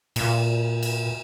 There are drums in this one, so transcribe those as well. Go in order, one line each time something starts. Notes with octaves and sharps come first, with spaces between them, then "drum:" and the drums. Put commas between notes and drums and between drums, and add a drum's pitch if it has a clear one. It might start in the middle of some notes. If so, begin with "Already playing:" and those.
A#2, drum: cymbal
drum: cymbal